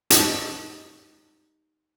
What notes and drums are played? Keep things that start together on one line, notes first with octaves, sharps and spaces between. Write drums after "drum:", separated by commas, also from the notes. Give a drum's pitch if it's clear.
D#4 G4 F#5 A5 C#6 D#6, drum: hi-hat